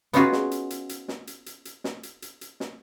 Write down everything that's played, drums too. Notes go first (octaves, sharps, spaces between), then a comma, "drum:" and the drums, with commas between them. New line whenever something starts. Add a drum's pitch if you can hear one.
B3 C#4 D#4 F4 F#4 G#4, drum: hi-hat
drum: snare
drum: hi-hat
drum: hi-hat
drum: hi-hat
drum: snare
drum: hi-hat
drum: hi-hat
drum: hi-hat
drum: snare
drum: hi-hat
drum: hi-hat
drum: hi-hat
drum: snare